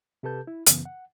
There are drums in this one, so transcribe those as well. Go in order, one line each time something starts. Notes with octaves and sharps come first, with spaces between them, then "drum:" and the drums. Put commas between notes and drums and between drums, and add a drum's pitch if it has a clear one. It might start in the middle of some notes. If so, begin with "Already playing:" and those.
C3 G4 A4 B4 A5 G6
E4
F#2 C#3 E3 B3, drum: hi-hat
F#5